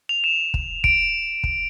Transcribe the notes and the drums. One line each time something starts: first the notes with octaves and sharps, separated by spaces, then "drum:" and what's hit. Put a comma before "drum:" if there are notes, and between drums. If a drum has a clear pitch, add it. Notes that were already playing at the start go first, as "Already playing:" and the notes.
F7
E7
drum: kick
D7, drum: kick
drum: kick